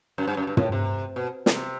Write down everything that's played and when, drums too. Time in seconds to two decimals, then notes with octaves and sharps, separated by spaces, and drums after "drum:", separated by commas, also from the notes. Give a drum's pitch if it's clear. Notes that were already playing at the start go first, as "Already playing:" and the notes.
0.18 F#2
0.27 G2
0.37 F#2
0.47 G2
0.57 A2, drum: tom
0.72 C3
1.16 B2
1.46 C3, drum: snare